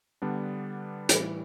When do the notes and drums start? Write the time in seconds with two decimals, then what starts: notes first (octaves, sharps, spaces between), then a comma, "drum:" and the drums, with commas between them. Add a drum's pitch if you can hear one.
0.22 D3 G3 B3 D4
1.09 A2 E3 G3, drum: hi-hat